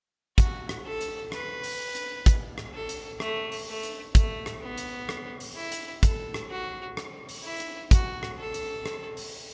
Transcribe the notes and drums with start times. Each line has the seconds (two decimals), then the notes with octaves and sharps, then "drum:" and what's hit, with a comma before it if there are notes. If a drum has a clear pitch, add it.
0.38 F#4, drum: kick, hi-hat
0.69 drum: rim click
0.85 A4
1.01 drum: hi-hat
1.32 B4, drum: rim click
1.63 drum: open hi-hat
1.95 drum: hi-hat
2.26 drum: kick, hi-hat
2.58 drum: rim click
2.73 A4
2.89 drum: hi-hat
3.20 A3, drum: rim click
3.52 drum: open hi-hat
3.67 A3
3.83 drum: hi-hat
4.15 A3, drum: kick, hi-hat
4.46 drum: rim click
4.62 B3
4.77 drum: hi-hat
5.09 drum: rim click
5.40 drum: open hi-hat
5.56 E4
5.72 drum: hi-hat
6.03 A4, drum: kick, hi-hat
6.34 drum: rim click
6.51 F#4
6.97 drum: rim click
7.29 drum: open hi-hat
7.44 E4
7.60 drum: hi-hat
7.91 F#4, drum: kick, hi-hat
8.23 drum: rim click
8.38 A4
8.54 drum: hi-hat
8.86 drum: rim click
9.17 drum: open hi-hat